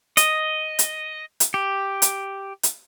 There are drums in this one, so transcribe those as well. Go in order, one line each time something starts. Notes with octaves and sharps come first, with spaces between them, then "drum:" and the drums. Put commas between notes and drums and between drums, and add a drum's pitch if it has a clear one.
D#5, drum: hi-hat
drum: hi-hat
drum: hi-hat
G4
drum: hi-hat
drum: hi-hat